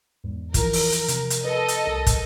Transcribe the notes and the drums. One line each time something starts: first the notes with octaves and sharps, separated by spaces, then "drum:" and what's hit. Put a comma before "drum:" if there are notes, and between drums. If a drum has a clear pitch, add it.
E2 G#2
E3 F3 A#4, drum: kick, hi-hat
drum: open hi-hat
drum: hi-hat
C3, drum: hi-hat
drum: hi-hat
A4 B4 D#5
drum: hi-hat
C2 A#4 D#7
drum: kick, hi-hat